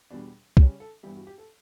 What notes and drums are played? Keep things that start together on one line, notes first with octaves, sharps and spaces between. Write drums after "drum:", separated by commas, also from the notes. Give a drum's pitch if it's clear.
E2 B2 G3 D4
C#3 G3 C#4 G4, drum: kick
A4
G2 E3 G3 B3 G4
F#4
G4
A4